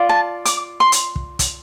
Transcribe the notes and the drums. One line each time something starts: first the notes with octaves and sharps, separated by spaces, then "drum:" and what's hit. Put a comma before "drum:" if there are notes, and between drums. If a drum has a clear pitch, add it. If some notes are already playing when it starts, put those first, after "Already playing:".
Already playing: F4 D5
A5
D6, drum: hi-hat
C6
drum: hi-hat
drum: kick
drum: kick, hi-hat